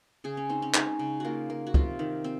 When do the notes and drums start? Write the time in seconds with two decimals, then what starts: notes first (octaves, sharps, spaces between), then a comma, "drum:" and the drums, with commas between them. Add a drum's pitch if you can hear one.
0.24 C#3 G#4
0.37 C#4
0.49 C4 D#4
0.62 C#4
0.74 G#3 D#4, drum: clap
0.99 C#3
1.20 A#3 F4 F#4
1.50 A#3
1.67 F#4
1.74 C3 F4, drum: kick
1.99 D#3
2.24 C4